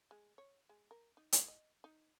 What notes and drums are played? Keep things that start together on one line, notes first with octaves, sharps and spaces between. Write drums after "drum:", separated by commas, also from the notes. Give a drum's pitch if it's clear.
G#3
C#5
G#3
A#4
D#4
A3, drum: hi-hat
D#5
D#4